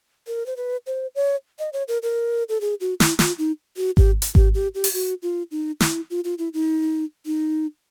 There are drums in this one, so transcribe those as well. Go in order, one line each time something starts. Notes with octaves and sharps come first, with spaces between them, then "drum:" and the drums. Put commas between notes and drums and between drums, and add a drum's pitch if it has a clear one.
A#4
C5
B4
C5
C#5
D#5
C#5
A#4
A#4
A4
G#4
F#4
E4, drum: snare
F4, drum: snare
D#4
F#4
G4, drum: kick G#1
drum: hi-hat
G4, drum: kick G#1
G4
G4
drum: open hi-hat
F#4
F4
D#4
E4, drum: snare
F4
F4
E4
D#4
D#4